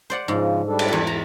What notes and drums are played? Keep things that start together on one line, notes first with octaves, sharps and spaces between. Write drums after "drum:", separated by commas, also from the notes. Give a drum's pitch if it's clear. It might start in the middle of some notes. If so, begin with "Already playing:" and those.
C5 D5 F#5
G#2 C#3 F3
G3 D4 A4
drum: cymbal
E2 B4
A#5